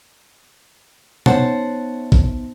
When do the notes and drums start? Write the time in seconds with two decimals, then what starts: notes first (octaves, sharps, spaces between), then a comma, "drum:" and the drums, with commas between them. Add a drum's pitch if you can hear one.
1.26 B3 C#4 D#4 C5 E5 F#5 A5, drum: tom B2
2.12 drum: kick